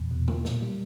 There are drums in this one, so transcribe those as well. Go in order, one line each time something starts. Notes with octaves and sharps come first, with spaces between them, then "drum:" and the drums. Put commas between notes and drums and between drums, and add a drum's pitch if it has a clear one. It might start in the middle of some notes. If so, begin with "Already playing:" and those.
Already playing: E2 A#2
B2
A#3, drum: tom C#3
A#2, drum: snare
G3